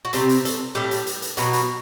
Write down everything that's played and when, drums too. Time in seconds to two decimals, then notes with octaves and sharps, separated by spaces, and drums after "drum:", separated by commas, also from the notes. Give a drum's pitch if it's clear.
0.05 F#4
0.13 C3 G3 C4 G4, drum: hi-hat
0.29 drum: hi-hat
0.45 A4, drum: hi-hat
0.75 A2 G3 D4 G4
0.91 drum: hi-hat
1.07 drum: hi-hat
1.22 drum: hi-hat
1.37 B2 F#3 B3 F#4, drum: hi-hat
1.53 drum: hi-hat